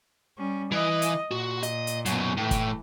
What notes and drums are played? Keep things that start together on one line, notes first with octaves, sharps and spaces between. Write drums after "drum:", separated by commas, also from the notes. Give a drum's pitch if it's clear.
G3 C#4
E3 D#5
drum: hi-hat
A#2 F#4
D#5, drum: hi-hat
drum: hi-hat
F#2 B2, drum: hi-hat
A2 E3
drum: kick, hi-hat